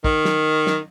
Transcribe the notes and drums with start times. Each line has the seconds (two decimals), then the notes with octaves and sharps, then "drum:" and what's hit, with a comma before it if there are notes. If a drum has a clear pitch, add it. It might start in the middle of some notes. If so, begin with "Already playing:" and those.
0.04 D#3, drum: kick
0.25 drum: snare
0.67 drum: snare